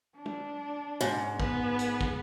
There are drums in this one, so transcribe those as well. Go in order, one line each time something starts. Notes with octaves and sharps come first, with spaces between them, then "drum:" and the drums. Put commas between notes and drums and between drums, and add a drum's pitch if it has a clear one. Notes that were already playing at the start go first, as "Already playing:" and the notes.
D4
drum: tom
G#2
B3 B4, drum: kick
drum: hi-hat
drum: kick